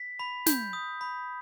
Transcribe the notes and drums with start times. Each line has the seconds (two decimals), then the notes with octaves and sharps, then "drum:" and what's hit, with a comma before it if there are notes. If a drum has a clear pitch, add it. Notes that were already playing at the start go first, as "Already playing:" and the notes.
Already playing: B6
0.19 B5
0.46 G6, drum: snare
0.73 D#6
1.01 B5